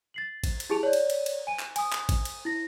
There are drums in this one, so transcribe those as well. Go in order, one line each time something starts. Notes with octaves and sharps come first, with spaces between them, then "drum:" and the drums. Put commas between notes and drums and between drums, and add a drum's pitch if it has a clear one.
A6 C7 F#7
drum: kick G#1, cymbal
drum: cymbal
E4 G4 G#4 A5 F7
C#5 D5
drum: cymbal
drum: cymbal
drum: cymbal
G#5 D#7
drum: clap
G#5 D#6, drum: cymbal
drum: clap
drum: kick G#1, cymbal
drum: cymbal
E4 A#6